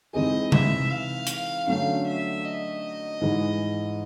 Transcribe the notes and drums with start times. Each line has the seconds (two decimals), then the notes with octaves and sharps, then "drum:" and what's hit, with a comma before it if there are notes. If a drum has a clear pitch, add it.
0.13 E3 G#3 C4 D#4 G#4 D#5
0.52 E5, drum: tom C3
0.91 F5
1.27 drum: hi-hat
1.67 D3 F#3 A3 C#4 F5
2.06 E5
2.45 D#5
3.21 G#2 E3 G#3